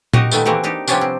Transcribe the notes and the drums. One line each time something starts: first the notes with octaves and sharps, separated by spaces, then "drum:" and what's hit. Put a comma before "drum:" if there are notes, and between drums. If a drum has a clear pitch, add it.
D#4 F#4 G4 A#4 D#5, drum: tom A#2
A#2 D#3 A3 B3, drum: tambourine
E3 A#3 C4 F#4 G4
D4 D#4 G4
C3 F3 G3 B3 C#4 D4, drum: tambourine
C4